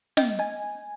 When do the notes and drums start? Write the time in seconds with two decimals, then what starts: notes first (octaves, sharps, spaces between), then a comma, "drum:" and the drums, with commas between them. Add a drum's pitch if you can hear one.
0.17 D#5 G5, drum: snare
0.39 D#5 G#5